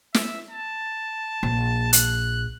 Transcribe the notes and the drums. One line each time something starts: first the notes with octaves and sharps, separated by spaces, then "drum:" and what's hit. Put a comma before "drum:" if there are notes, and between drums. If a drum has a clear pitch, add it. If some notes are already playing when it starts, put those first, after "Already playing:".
E5, drum: snare
A5
A#1
F#6, drum: hi-hat